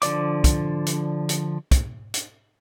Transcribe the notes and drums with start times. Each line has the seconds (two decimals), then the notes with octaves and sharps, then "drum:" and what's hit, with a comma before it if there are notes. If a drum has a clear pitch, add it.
0.02 D3 F3 D5 D6, drum: hi-hat
0.44 drum: kick, hi-hat
0.87 drum: hi-hat
1.29 drum: hi-hat
1.71 drum: kick, hi-hat
2.14 drum: hi-hat